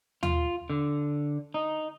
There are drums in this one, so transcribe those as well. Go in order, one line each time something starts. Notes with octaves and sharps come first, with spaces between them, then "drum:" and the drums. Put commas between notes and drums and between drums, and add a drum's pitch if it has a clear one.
F4, drum: tom D#2
D3
D#4